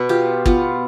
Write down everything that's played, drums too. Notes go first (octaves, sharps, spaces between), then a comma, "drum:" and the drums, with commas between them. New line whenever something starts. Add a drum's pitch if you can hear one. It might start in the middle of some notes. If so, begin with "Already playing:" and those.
Already playing: B2 B4
F4 G4
B3 F4, drum: kick